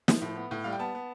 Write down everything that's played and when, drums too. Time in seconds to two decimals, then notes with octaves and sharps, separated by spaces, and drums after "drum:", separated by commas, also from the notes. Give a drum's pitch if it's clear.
0.08 F3, drum: snare
0.21 A2
0.36 B3
0.51 A2
0.64 G3 F5
0.72 G5
0.79 B3 A5
0.95 B3